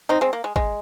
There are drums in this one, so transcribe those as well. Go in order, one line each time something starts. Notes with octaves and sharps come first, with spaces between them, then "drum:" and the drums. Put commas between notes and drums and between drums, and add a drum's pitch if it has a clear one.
C4 D#4
G#3 C4
A#3
G#3
G#3, drum: kick